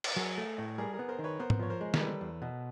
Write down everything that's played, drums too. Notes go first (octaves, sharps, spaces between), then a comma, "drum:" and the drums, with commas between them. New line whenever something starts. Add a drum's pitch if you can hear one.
drum: cymbal
F#3 G#4 A#4
A3
A2
G3 G#4 A#4
G#4 A#4
B3
A#4 C5
D#3
B4 C#5
B3 A#4 C5
drum: tom G#2
F3 C#5
A#4 C5
G#3
A#4, drum: snare
G3 A4 B4
E2
B2